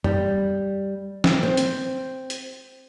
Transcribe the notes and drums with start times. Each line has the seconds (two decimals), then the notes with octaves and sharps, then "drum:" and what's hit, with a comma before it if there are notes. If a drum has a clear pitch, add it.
0.04 G3, drum: tom F#2
1.24 drum: snare
1.43 C4
1.57 drum: hi-hat
2.30 drum: hi-hat